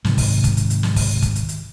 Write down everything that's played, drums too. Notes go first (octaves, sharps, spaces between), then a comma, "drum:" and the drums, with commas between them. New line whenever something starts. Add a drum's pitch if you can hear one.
G#2 C3 D#3, drum: snare
drum: kick, open hi-hat
drum: kick, hi-hat
drum: hi-hat
drum: hi-hat
drum: snare
drum: kick, open hi-hat
drum: kick, hi-hat
drum: hi-hat
drum: hi-hat